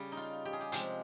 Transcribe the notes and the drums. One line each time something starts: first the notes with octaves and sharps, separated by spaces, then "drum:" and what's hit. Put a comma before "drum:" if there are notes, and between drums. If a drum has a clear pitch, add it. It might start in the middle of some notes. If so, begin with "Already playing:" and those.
Already playing: C#3 G3 G4
D#4
F4
G4
G#4
G4
C3 F3 G#3 G4, drum: hi-hat